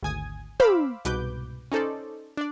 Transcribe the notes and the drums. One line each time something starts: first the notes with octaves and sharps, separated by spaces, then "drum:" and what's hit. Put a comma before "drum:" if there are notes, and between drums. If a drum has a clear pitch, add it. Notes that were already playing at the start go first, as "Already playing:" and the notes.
G#1 D2 G#5 D#6 G#6
C5 F5 B5 D6 E6, drum: tom
C2 G#2 B2 B4 D6 G6, drum: hi-hat
C#4 D#4 A4 C5 D5
D4 D5